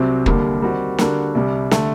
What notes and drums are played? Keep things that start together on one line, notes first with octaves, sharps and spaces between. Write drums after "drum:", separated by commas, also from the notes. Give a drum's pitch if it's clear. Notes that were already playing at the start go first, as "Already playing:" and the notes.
Already playing: C2 C3 F#3 C4
D#2 D3 G3 A#3, drum: kick
D#3 G3 C4 F#4
D3 G3 A#3 F#4 A#4, drum: snare
C2 C3 G3
D3 A3, drum: snare